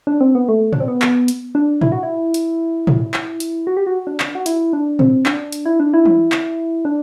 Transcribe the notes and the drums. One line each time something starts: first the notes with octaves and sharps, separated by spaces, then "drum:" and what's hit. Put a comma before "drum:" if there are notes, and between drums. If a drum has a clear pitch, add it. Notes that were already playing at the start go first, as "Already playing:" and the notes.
D4
C4
B3
A3
D4, drum: tom A2
C4
B3
drum: clap
drum: hi-hat
D4
E4, drum: tom A2
F#4
E4
drum: hi-hat
drum: tom A2
drum: clap
drum: hi-hat
F#4
G4
F#4
D4
drum: clap
F#4
E4, drum: hi-hat
D4
C4, drum: tom A2
D4, drum: clap
drum: hi-hat
E4
D4
E4
drum: tom E3
drum: clap
D4